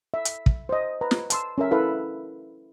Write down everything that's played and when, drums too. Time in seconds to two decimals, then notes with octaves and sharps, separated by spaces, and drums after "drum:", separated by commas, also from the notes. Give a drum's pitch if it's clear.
0.14 E5
0.25 drum: hi-hat
0.46 drum: kick
0.69 C5 D#5
1.01 B4 A#5
1.11 drum: snare
1.30 A5 C6 E6, drum: hi-hat
1.58 C#4 A#4 E5
1.71 E4 A4 B4 F5